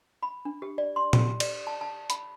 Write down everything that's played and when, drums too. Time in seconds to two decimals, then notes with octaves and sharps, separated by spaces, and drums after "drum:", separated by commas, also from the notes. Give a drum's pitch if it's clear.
0.23 B5
0.45 D4
0.62 G4
0.78 D5
0.96 C6
1.13 G4, drum: tom A#2
1.40 D5, drum: cymbal
1.67 A5
1.81 A5
2.10 B5, drum: hi-hat